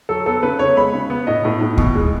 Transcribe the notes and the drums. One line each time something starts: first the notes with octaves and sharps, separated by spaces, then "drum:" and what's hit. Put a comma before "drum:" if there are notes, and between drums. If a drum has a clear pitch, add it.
F#3 A4
B3 A4
C#3 B4
C#3 C#5
G#3 B5
C#3
B3
A2 D#5
A2
A2
B2, drum: kick D2
G#3